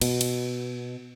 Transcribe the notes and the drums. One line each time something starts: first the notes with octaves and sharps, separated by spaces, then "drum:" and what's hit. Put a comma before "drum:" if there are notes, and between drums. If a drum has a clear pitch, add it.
B2, drum: cymbal
drum: cymbal